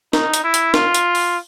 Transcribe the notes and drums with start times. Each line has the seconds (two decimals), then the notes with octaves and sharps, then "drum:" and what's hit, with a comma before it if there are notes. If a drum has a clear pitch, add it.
0.13 D#4, drum: snare
0.34 drum: hi-hat
0.44 E4
0.54 drum: hi-hat
0.74 F4, drum: snare
0.94 drum: hi-hat
1.15 drum: open hi-hat